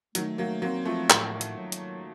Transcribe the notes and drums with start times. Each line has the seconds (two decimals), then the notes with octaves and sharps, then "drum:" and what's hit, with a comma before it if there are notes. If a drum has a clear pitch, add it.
0.15 D#3 F#3 A3, drum: hi-hat
0.38 F#3 A#3
0.62 F#3 A#3 C4
0.85 F3 A3
1.10 A2, drum: clap
1.41 drum: hi-hat
1.57 F#3
1.72 drum: hi-hat